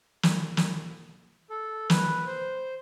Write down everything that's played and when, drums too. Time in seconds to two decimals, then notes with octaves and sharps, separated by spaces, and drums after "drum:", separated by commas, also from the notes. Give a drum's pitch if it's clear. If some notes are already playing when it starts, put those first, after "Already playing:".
0.23 drum: snare
0.57 drum: snare
1.50 A4
1.90 B4, drum: snare
2.26 C5